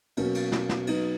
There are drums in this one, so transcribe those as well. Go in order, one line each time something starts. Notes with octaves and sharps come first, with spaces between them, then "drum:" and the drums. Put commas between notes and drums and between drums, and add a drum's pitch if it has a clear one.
B2 F#3 A#3 C#4, drum: cymbal
drum: cymbal
drum: snare
drum: snare
F#3 B3 D#4, drum: cymbal